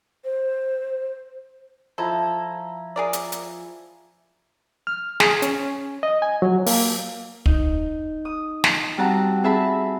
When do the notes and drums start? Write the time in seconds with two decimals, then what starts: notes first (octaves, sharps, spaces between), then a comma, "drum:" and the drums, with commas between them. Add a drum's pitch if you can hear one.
0.25 C5
1.98 F3 E4 A4 A#5
2.96 G#4 A#4 D5
3.13 drum: hi-hat
3.32 drum: hi-hat
4.87 F6
5.20 G#4, drum: snare
5.42 C#4, drum: hi-hat
6.03 D#5
6.22 G#5
6.42 F#3
6.66 A#3, drum: open hi-hat
7.46 D#4, drum: kick
8.25 D#6
8.64 drum: snare
8.98 G3 C4 F#4 A5 A#5
9.43 C4 G#4 E5 A5 B5